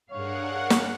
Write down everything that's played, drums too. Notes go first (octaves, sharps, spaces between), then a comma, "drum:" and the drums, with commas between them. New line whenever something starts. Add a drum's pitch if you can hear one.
G2 D4 G#4 A#4 C#5 F5 F#5
drum: snare